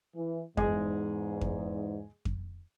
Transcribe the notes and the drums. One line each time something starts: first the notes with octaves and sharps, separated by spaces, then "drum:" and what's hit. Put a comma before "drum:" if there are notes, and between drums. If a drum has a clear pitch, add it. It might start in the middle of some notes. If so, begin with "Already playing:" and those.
E3
E2 G#2 G#3 G#4, drum: kick F2
drum: kick F2
drum: kick F2